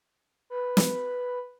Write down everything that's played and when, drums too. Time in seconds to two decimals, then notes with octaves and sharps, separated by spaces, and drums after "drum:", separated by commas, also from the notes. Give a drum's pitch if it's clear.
0.50 B4
0.77 drum: snare